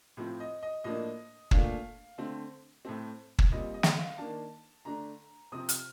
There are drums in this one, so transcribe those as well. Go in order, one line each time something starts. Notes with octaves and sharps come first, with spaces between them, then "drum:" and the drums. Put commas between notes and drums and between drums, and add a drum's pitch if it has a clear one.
A2 F3 C4
D#5
D#5
A2 F3 A#3 D4 D#5
A#2 A3 D4 F5, drum: kick
D3 A3 C4
A2 A3 C4
drum: kick
A#2 G3 C4 D#5
D#5
drum: snare
F5
D#3 A#3 D4 A5
D3 A3 D4 A#5
C3 F3 C4 D#6
F6, drum: hi-hat